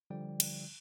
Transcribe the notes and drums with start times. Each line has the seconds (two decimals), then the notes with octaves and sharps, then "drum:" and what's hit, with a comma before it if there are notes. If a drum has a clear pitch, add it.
0.10 D3 F3 G3 D5 G5
0.40 drum: cymbal